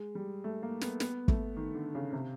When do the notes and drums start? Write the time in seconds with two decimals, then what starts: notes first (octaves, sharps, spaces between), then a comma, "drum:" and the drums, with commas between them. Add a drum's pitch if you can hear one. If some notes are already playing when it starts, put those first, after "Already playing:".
Already playing: G#3
0.15 G3
0.44 A3
0.63 A#3
0.81 B3, drum: snare
1.00 B3, drum: snare
1.28 A3, drum: kick
1.56 D#3
1.75 D3
1.95 C#3
2.13 C3